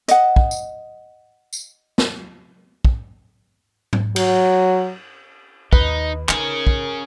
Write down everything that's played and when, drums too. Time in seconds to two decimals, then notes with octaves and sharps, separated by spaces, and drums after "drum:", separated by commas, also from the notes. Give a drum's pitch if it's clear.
0.08 D#5 F#5, drum: hi-hat
0.36 drum: kick
0.51 drum: tambourine
1.53 drum: tambourine
1.98 drum: snare
2.85 drum: kick
3.93 drum: tom G#2
4.16 F#3, drum: cymbal
5.73 D#2 D#4 B4 D#5, drum: kick
6.29 C#4 D#4 G#4 A#4, drum: clap
6.67 drum: kick